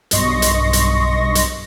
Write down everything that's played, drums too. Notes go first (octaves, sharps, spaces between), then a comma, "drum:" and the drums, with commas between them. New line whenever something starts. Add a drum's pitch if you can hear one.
B1 G2 D#5 C6 C#6 A#6, drum: hi-hat
drum: hi-hat
drum: hi-hat
drum: hi-hat